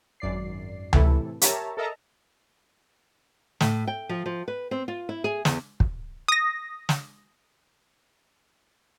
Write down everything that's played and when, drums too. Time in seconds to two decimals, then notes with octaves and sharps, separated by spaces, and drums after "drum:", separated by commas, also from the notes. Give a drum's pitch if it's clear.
0.20 G#1 F#2 D5 C7
0.93 A2 C3 E3 A3 E4 A4, drum: tom C#2
1.41 G4 A#4 C#5 E5 A5 A#5, drum: hi-hat
1.77 A4 A#4 D#5 E5 A5 A#5
3.60 A2, drum: snare
3.88 G5
4.09 F3
4.26 F3
4.48 B4
4.71 C4
4.88 F4
5.09 E4
5.24 G#4
5.45 E2, drum: snare
5.80 drum: kick
6.28 D#6 A#6
6.89 drum: snare